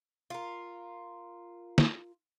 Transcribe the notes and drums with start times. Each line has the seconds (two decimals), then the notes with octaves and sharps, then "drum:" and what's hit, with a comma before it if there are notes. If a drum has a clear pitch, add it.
0.30 F4 A#4
1.78 drum: snare